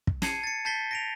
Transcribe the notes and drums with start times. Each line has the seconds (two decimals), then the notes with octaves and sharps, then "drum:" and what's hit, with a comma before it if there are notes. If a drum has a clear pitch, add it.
0.07 drum: kick
0.22 A5 G#6 C7 C#7 D#7, drum: snare
0.44 A6 C#7
0.65 A5 G6 A6 B6 C7 G7
0.91 A#6 D7 F7